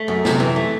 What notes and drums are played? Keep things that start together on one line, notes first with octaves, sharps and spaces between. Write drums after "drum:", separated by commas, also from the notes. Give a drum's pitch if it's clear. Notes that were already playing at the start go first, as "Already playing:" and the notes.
Already playing: A3
F#2
C3, drum: snare
E3
A3